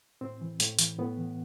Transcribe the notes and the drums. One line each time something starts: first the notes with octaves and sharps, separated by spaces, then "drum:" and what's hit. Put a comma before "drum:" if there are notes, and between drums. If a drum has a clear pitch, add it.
A2 C4
E3
A2, drum: hi-hat
E3, drum: hi-hat
A2 B3
E3